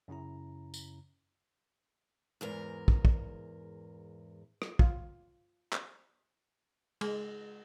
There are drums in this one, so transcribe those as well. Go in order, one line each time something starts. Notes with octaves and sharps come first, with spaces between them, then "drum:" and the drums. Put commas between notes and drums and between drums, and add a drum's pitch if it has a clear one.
F#2 C#3 C#4 E4 A#5
drum: tambourine
E2 G#2 A#4
drum: kick
drum: kick
drum: rim click
F4, drum: kick
drum: clap
G#3, drum: cymbal